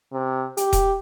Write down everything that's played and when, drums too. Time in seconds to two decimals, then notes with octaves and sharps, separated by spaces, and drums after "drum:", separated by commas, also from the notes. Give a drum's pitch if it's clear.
0.13 C3
0.57 G4, drum: hi-hat
0.73 drum: kick D#1, hi-hat